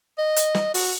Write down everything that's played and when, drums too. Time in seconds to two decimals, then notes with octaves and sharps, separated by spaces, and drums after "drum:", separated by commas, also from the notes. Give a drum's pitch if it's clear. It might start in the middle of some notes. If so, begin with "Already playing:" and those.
0.18 D#5
0.36 drum: hi-hat
0.55 drum: snare
0.74 F#4, drum: open hi-hat